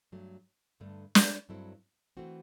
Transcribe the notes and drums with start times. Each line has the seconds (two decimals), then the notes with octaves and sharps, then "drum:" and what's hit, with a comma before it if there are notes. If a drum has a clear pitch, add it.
0.12 G2 F#3 A3
0.80 G2 D3 A3
1.15 drum: snare
1.49 G2 F#3 C4 E4 A4
2.17 E3 A3 C4 F#4